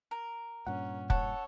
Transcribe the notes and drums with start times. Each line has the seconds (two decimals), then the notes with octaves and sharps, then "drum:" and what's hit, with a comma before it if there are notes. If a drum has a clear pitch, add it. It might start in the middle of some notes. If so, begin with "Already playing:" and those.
0.11 A#4
0.67 G2 A#2 C#4 F#5
1.10 A4 C#5 F#5, drum: kick